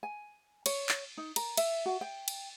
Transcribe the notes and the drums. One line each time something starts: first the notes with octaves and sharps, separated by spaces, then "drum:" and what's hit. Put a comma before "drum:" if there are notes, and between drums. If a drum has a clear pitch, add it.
G#5
C#5, drum: cymbal
drum: clap
D#4
A#4, drum: cymbal
E5, drum: cymbal
F#4
G5
drum: cymbal